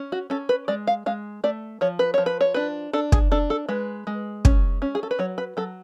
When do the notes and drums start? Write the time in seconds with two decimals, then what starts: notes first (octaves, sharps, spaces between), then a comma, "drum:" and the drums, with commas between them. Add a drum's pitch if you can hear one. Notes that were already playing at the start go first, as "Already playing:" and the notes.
Already playing: C#4
0.12 F#4
0.30 C#4 A4
0.49 B4
0.68 G#3 D5
0.87 F5
1.06 G#3 F5
1.44 A3 D5
1.81 F3 C#5
1.99 B4
2.14 F3 C#5
2.26 B4
2.41 C#5
2.54 D4 B4
2.93 D4 A4
3.12 G#4, drum: kick
3.32 D4 A4
3.50 A4
3.69 G#3 B4
4.07 G#3
4.45 C#4, drum: kick
4.82 C#4
4.95 G#4
5.03 A4
5.11 B4
5.19 F#3 C#5
5.38 B4
5.57 F#3 A4